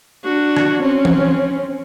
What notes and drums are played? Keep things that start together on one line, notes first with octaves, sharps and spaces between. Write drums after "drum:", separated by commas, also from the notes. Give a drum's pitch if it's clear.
D4 F#4
drum: rim click
C4 C#4
drum: tom E3